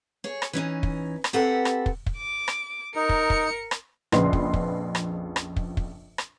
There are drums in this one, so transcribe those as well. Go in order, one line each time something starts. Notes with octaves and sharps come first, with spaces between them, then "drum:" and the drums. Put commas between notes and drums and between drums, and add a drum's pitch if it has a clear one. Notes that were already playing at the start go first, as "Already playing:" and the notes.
G#4 C#5
drum: rim click
E3 C#4 D#4
drum: kick
drum: rim click
C4 G4 A4 B4 F#5 A#5
drum: rim click
drum: kick
drum: kick
D6
drum: rim click
D#4 A#4 C#7
drum: kick
drum: kick
drum: rim click
A#1 F2 C#3 B4 D#5 C6, drum: rim click
drum: kick
drum: kick
drum: rim click
drum: rim click
drum: kick
drum: kick
drum: rim click